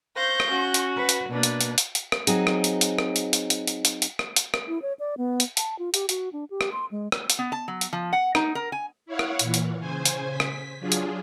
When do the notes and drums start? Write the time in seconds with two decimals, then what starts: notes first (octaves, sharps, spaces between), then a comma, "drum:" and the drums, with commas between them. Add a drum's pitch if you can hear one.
0.16 C5 F5 C#6 G6 A#6
0.40 drum: rim click
0.50 C#4 F#4
0.74 drum: hi-hat
0.96 B4
1.09 drum: hi-hat
1.29 B2 A#3 D4 B4
1.43 drum: hi-hat
1.61 drum: hi-hat
1.78 drum: hi-hat
1.95 drum: hi-hat
2.12 drum: rim click
2.27 F#3 C4 D#4 G#4, drum: hi-hat
2.47 drum: rim click
2.64 drum: hi-hat
2.81 drum: hi-hat
2.99 drum: rim click
3.16 drum: hi-hat
3.33 drum: hi-hat
3.50 drum: hi-hat
3.67 drum: hi-hat
3.85 drum: hi-hat
4.02 drum: hi-hat
4.19 drum: rim click
4.36 drum: hi-hat
4.54 drum: rim click
4.68 E4
4.82 C#5
4.99 D5
5.18 B3
5.40 drum: hi-hat
5.57 A5, drum: hi-hat
5.79 F4
5.94 G4, drum: hi-hat
6.09 F#4, drum: hi-hat
6.33 D4
6.50 G4
6.61 drum: rim click
6.72 C6
6.91 G#3
7.12 drum: rim click
7.30 drum: hi-hat
7.39 B3
7.52 A5
7.68 F#3
7.81 drum: hi-hat
7.93 F3
8.13 F#5
8.35 D#4, drum: rim click
8.55 A#4
8.72 G#5
9.06 E4 C#5 F5 F#5
9.19 drum: rim click
9.39 A#2 E3, drum: hi-hat
9.54 drum: hi-hat
9.80 C#3 C5 G#5
10.05 drum: hi-hat
10.31 B6
10.40 drum: rim click
10.79 F#3 D4 F4 G#4
10.92 drum: hi-hat